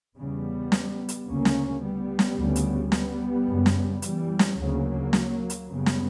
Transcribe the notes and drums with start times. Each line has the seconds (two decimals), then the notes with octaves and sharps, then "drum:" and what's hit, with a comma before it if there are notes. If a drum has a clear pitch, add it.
0.16 E2 C#3 G3 B3
0.72 drum: snare
1.09 drum: hi-hat
1.26 D2 C#3 A#3 C#4
1.45 drum: snare
1.83 G3 B3
2.19 drum: snare
2.37 D2 C#3
2.56 drum: hi-hat
2.92 G3 B3, drum: snare
3.47 F#2 C#3
3.66 drum: snare
4.02 E3 G3, drum: hi-hat
4.39 drum: snare
4.57 D2 C#3 F#3 A#3
5.13 drum: snare
5.50 drum: hi-hat
5.68 F#2 C#3 G3 B3
5.86 drum: snare